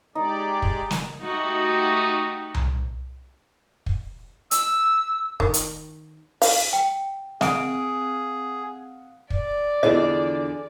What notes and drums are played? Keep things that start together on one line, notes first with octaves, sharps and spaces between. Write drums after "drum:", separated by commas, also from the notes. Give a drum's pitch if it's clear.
G#3 D#4 G4 D5
drum: kick
drum: snare
A3 D#4 F#4 G4
drum: tom C2
drum: kick
E6, drum: hi-hat
D#3, drum: kick
drum: hi-hat
F5, drum: open hi-hat
G5
C4 G#4 F5 F#5 D#6 D7, drum: snare
D5, drum: kick
E2 D3 E3 F3 G#4 D#5